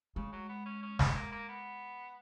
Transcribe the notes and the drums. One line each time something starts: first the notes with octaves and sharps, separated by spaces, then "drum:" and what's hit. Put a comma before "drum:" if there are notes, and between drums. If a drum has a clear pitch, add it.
C#3 G#3
F#3
B3
C#4
C#4
B3, drum: snare
A#3
A#3
B3